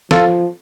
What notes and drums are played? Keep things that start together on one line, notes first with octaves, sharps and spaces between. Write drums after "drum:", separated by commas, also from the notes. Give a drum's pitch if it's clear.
F3 F4 A4, drum: snare